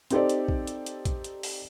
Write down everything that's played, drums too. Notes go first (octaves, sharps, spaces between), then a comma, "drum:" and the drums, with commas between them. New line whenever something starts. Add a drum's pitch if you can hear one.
C4 D#4 G4 A4 C5 D5, drum: hi-hat
drum: hi-hat
drum: kick A#1
drum: hi-hat
drum: hi-hat
drum: kick A#1, hi-hat
drum: hi-hat
drum: open hi-hat